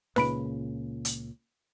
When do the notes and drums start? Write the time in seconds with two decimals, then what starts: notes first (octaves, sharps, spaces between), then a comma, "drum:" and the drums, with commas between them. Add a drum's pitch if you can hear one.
0.16 C#2 A#2 C#3 B4 B5 D7, drum: snare D#4
1.05 drum: hi-hat